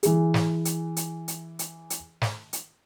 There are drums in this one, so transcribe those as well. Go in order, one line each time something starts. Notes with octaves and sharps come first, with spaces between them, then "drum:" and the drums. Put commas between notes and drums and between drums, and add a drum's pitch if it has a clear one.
E3 G#4, drum: hi-hat
drum: snare
drum: hi-hat
drum: hi-hat
drum: hi-hat
drum: hi-hat
drum: hi-hat
drum: snare
drum: hi-hat